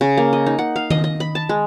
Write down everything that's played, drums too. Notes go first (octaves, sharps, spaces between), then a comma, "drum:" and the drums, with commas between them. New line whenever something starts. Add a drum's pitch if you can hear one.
C#3
A#3
D#5
D#4
F#5
F5
D#5, drum: tom D#3
D#5
B5
A5
G#3